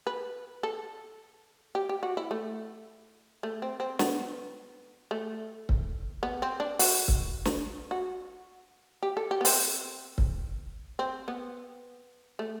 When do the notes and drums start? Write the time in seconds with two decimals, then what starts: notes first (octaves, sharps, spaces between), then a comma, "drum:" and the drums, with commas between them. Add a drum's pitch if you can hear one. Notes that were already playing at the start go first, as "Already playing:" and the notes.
0.07 B4
0.63 A4
1.75 G4
1.89 G4
2.03 F#4
2.17 E4
2.31 A3
3.43 A3
3.62 C4
3.80 C4
3.99 B3, drum: snare
5.11 A3
5.69 drum: kick C#1
6.23 B3
6.42 C4
6.60 D4
6.79 F#4, drum: open hi-hat
7.08 drum: kick C#1
7.45 drum: snare
7.91 F#4
9.03 G4
9.17 A4
9.31 G4
9.41 B3
9.45 C4, drum: open hi-hat
10.18 drum: kick C#1
10.99 C4
11.28 B3
12.39 A3